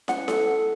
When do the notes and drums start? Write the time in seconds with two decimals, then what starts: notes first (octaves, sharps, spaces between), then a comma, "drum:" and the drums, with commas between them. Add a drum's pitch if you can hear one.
0.08 C#4 F#5, drum: snare
0.28 A4, drum: snare